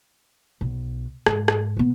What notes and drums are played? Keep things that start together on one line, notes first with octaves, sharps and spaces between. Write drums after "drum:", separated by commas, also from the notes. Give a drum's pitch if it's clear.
B1
G#2, drum: rim click
drum: rim click
B2 B3